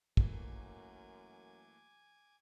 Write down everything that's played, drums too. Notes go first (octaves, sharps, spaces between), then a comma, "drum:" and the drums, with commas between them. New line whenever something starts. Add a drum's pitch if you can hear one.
F#2 E3 A3 A#3 G#5 D6, drum: kick